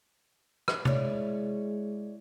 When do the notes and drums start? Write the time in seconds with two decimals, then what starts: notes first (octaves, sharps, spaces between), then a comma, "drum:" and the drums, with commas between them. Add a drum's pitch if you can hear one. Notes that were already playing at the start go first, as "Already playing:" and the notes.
0.68 drum: rim click
0.85 G#3 E4 C#5 D5, drum: tom